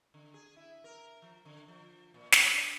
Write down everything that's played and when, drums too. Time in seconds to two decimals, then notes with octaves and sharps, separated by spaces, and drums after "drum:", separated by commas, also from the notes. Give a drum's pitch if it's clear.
0.14 D3
0.34 G#4
0.56 E4
0.84 A#4
1.22 F3
1.45 D3
1.68 F3
2.14 A#2
2.32 D4, drum: snare
2.53 D4